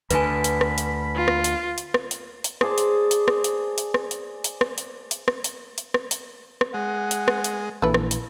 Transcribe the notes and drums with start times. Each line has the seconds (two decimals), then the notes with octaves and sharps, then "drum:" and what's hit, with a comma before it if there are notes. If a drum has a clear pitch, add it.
0.11 D2 D3 B4 G#5 B5, drum: hi-hat
0.44 drum: hi-hat
0.61 drum: rim click
0.78 drum: hi-hat
1.16 F4
1.28 drum: rim click
1.44 drum: hi-hat
1.78 drum: hi-hat
1.94 drum: rim click
2.11 drum: hi-hat
2.44 drum: hi-hat
2.61 G#4 C5 D5 A5, drum: rim click
2.78 drum: hi-hat
3.11 drum: hi-hat
3.28 drum: rim click
3.44 drum: hi-hat
3.78 drum: hi-hat
3.94 drum: rim click
4.11 drum: hi-hat
4.44 drum: hi-hat
4.61 drum: rim click
4.78 drum: hi-hat
5.11 drum: hi-hat
5.28 drum: rim click
5.44 drum: hi-hat
5.78 drum: hi-hat
5.94 drum: rim click
6.11 drum: hi-hat
6.61 drum: rim click
6.74 G#3 F#5
7.11 drum: hi-hat
7.28 drum: rim click
7.44 drum: hi-hat
7.82 A#1 E3 A4 B4
7.94 drum: rim click
8.11 drum: hi-hat